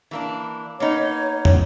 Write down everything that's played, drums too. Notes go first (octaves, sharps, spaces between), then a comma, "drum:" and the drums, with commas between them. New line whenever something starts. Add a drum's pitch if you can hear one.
E3 A#3 D4
A#3 B3 D#4 C#5
drum: tom